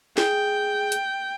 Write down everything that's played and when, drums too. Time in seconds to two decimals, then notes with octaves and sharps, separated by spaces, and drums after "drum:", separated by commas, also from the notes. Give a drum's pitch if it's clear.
0.17 G#4 G5, drum: snare
0.92 drum: hi-hat